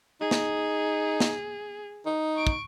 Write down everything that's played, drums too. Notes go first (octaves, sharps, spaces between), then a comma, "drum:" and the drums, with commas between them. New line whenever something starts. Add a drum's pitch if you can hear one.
D#4 G#4
drum: snare
drum: snare
D#4
C#6 D7
drum: kick